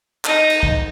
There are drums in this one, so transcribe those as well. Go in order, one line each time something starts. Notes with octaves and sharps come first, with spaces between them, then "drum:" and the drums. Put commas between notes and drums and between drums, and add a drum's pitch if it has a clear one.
D#4, drum: clap
drum: cymbal
drum: kick